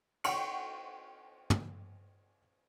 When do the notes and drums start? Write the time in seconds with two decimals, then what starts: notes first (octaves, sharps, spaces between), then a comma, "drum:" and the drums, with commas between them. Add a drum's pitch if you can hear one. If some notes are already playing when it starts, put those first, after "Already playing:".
0.24 F#5 G5 C6 C#6 C#7, drum: cymbal
1.50 drum: tom